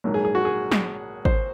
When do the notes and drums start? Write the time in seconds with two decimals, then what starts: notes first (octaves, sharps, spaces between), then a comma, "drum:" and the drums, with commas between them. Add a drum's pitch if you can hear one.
0.04 A#1 G#2 F#3
0.14 G#4
0.25 G#4
0.35 F#4
0.45 G#4
0.71 drum: snare
1.25 C5, drum: kick G#1